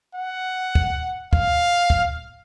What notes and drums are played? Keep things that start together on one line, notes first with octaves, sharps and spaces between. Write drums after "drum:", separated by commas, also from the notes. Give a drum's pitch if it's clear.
F#5
drum: kick
F5, drum: kick
drum: kick